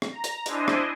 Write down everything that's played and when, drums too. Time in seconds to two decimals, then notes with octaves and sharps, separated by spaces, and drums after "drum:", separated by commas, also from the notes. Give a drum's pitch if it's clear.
0.02 drum: rim click
0.12 A#5
0.24 drum: hi-hat
0.46 D4 E4 C5 D#5 G#5, drum: hi-hat
0.68 drum: rim click